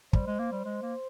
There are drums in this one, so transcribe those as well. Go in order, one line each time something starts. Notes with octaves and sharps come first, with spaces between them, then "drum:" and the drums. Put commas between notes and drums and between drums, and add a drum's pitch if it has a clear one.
G3 C5, drum: kick
G#3
A#3
G3
G#3 C5
A#3